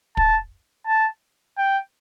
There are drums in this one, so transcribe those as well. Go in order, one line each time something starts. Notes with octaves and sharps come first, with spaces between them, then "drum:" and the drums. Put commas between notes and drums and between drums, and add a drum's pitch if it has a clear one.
A5, drum: kick
A5
G5